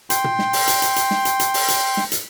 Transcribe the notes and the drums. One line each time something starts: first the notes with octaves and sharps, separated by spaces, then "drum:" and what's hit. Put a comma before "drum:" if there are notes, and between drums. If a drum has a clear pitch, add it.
G5 C6, drum: hi-hat
drum: tom A#2
drum: snare
drum: open hi-hat
drum: hi-hat
drum: hi-hat
drum: hi-hat
drum: snare
drum: hi-hat
drum: hi-hat
drum: open hi-hat
drum: hi-hat
drum: snare
drum: hi-hat